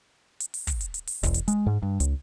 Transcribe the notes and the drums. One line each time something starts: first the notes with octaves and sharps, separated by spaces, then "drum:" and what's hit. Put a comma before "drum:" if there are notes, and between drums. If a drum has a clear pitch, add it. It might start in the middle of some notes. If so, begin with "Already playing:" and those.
drum: hi-hat
drum: open hi-hat
drum: kick, hi-hat
drum: hi-hat
drum: hi-hat
drum: open hi-hat
E1, drum: kick, hi-hat
drum: hi-hat
G#3, drum: hi-hat
G#2
G2
C#2, drum: hi-hat